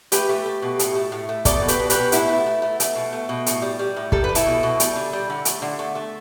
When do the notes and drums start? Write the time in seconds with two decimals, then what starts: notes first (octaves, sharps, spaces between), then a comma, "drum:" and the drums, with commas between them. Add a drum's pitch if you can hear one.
0.12 A3 G4 B4, drum: hi-hat
0.29 A3
0.46 A3
0.62 B2
0.79 A2, drum: hi-hat
0.95 A3
1.12 A2
1.29 A3
1.45 B2 A4 D5, drum: kick, hi-hat
1.62 B2
1.68 G4 B4, drum: hi-hat
1.79 B2
1.90 G4 B4, drum: hi-hat
1.96 B2
2.12 A2 B3 E4, drum: hi-hat
2.29 A3
2.46 A3
2.62 A3
2.80 A3, drum: hi-hat
2.95 B2
3.13 A3
3.29 B2
3.46 A2, drum: hi-hat
3.62 G3
3.79 G3
3.96 A2
4.12 G3 A4, drum: kick
4.24 B4
4.29 G3
4.35 E4 A4, drum: hi-hat
4.46 B2
4.63 B2
4.80 G3, drum: hi-hat
4.96 D3
5.13 G3
5.30 D3
5.45 A3, drum: hi-hat
5.62 D3
5.79 A3
5.95 A3